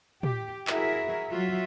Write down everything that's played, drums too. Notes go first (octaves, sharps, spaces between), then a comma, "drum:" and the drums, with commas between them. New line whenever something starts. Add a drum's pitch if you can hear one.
G4, drum: tom
E4 F#4 G#4 A#4 E5, drum: clap
F#3 F4 F#4 E5